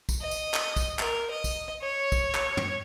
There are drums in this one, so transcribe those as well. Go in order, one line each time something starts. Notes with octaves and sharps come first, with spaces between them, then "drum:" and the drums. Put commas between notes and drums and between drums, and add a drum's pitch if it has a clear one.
drum: kick, tambourine
D#5
drum: tambourine
drum: clap
drum: kick, tambourine
A#4, drum: clap
D#5
drum: kick, tambourine
C#5
drum: kick, tambourine
drum: clap
drum: tom